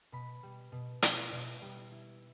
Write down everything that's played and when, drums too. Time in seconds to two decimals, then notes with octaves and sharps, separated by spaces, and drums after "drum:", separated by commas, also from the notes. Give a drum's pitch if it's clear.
0.12 B2 B5
0.43 G3
0.72 B2
1.02 E4, drum: hi-hat
1.32 B2
1.62 G3
1.91 E4